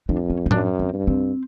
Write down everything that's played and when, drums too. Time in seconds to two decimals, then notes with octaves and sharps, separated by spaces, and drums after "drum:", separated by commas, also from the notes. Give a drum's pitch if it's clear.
0.08 F2 D4
0.30 C#4
0.46 D#4
0.51 F#2 D4, drum: tom A2
0.79 C4
0.93 G2
1.07 C4